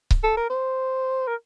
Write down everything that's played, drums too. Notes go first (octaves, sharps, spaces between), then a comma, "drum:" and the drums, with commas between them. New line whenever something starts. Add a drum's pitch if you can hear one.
drum: kick C#1
A4
A#4
C5
A#4